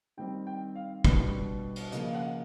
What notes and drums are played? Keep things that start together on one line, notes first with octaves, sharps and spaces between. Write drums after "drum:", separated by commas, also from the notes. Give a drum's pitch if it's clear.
D#3 G3 C4 D#4 G5
G5
F5
B2 G3 B3 D4, drum: kick
drum: cymbal
C#3 F3 A#3 D#5, drum: hi-hat
F5
F#5